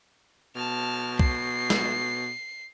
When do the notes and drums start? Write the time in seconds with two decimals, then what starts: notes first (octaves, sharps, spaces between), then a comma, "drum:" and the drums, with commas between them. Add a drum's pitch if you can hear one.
0.56 B2 A5 F6
1.19 C7, drum: kick
1.70 drum: snare